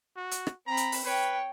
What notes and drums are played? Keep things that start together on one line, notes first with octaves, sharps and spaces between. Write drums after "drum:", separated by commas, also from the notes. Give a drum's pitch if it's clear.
F#4
drum: hi-hat
drum: rim click
C4 A#5 B5
drum: hi-hat
drum: open hi-hat
B4 C#5 G5